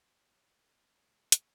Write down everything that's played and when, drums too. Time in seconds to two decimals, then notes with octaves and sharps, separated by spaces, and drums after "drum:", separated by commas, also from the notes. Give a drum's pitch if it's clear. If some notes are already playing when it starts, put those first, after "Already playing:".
0.15 F#3
0.56 D3
0.74 B3
0.95 C#5
1.07 G#3
1.32 drum: hi-hat